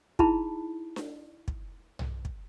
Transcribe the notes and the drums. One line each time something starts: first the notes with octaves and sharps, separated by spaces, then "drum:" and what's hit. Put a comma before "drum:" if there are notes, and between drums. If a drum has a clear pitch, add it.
D#4 E4 G#4 A5 B5, drum: kick
drum: snare D4
drum: kick
drum: tom B1
drum: kick